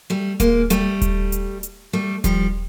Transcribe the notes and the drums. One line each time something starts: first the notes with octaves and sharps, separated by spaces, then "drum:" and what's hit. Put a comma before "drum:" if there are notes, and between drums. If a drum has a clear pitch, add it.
G3 A3
G#3 A#3, drum: kick D#1, hi-hat
G3 A3, drum: hi-hat
drum: kick D#1, hi-hat
drum: hi-hat
drum: hi-hat
G3 A3
F3 G3, drum: kick D#1, hi-hat